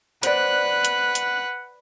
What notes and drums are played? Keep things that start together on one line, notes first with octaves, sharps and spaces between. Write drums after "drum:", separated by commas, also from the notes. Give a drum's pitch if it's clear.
B4 C5 D5 F#5 F#6, drum: hi-hat
drum: hi-hat
drum: hi-hat